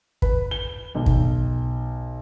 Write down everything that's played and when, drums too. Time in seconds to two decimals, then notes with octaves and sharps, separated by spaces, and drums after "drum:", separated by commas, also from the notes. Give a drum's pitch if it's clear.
0.22 B4, drum: kick
0.51 G7
0.95 B1
1.06 drum: kick